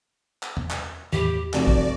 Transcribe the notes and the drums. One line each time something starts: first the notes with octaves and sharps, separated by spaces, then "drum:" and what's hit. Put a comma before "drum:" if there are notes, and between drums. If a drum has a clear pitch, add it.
drum: clap
drum: tom
drum: clap
E2 A2 G4 B5, drum: tom
F1 F#4 D5, drum: clap
drum: kick